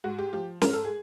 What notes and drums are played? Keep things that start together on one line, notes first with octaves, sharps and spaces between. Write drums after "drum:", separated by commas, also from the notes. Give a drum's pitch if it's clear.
G#2 F#4
G4
F3 G4
G#2 A#4, drum: snare
A4
G#4